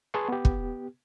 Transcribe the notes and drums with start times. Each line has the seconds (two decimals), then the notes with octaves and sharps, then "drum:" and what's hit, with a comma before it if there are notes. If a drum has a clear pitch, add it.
0.14 G#4 B4 A5 C6 C#6
0.29 B3 G4
0.45 drum: kick